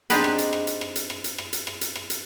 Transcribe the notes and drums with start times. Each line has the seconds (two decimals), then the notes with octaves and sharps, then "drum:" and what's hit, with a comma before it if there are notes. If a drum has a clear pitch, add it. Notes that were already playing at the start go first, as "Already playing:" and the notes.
0.10 C4 D4 D#4 G4 G#4 B4, drum: hi-hat
0.24 drum: rim click
0.38 drum: hi-hat
0.53 drum: rim click
0.67 drum: hi-hat
0.81 drum: rim click
0.96 drum: hi-hat
1.10 drum: rim click
1.24 drum: hi-hat
1.38 drum: rim click
1.53 drum: hi-hat
1.67 drum: rim click
1.81 drum: hi-hat
1.96 drum: rim click
2.10 drum: hi-hat